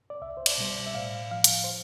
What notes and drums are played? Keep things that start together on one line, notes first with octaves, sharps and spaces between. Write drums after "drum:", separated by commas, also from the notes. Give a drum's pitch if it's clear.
D5
C2 E5
C5
D5, drum: cymbal
B2 G3 C5
D5
E5
A2 F5
F3 F5
drum: hi-hat
C5